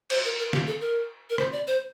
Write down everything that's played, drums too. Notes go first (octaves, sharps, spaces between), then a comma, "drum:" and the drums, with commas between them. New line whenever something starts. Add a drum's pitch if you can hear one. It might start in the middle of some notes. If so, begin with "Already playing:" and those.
C5, drum: cymbal
A#4
A#4
G4, drum: snare
A4
A#4
A#4
C5, drum: rim click
D5
C5